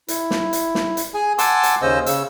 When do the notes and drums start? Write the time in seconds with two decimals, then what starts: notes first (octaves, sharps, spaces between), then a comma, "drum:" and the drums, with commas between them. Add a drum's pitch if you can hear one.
0.08 E4, drum: hi-hat
0.31 drum: snare
0.53 drum: hi-hat
0.75 drum: snare
0.97 drum: hi-hat
1.14 G#4 G#5
1.38 F#5 G#5 A5 C6 D6 E6, drum: hi-hat
1.63 drum: hi-hat
1.82 D#2 C#3 C#4 C5 D#5 E6
2.06 C#3 E6, drum: hi-hat